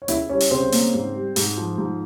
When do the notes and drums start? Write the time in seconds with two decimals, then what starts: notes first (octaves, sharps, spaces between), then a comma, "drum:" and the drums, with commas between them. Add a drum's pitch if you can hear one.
0.02 C#5
0.08 C#2 E4 E5, drum: hi-hat
0.29 G3 C#4 C#5
0.40 drum: open hi-hat
0.51 C#3 C4 C5
0.72 A#3, drum: open hi-hat
0.94 G#2
1.15 G3
1.36 G#2, drum: open hi-hat
1.57 F3
1.78 G#2